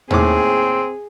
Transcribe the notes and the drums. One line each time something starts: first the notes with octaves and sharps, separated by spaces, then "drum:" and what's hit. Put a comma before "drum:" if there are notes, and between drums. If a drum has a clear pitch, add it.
D#2 A2 C4 G#4 D6, drum: tom D#2